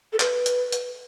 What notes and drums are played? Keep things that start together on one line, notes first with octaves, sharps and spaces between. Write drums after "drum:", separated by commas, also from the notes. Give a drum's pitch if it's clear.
A4
B4, drum: clap
drum: hi-hat
drum: hi-hat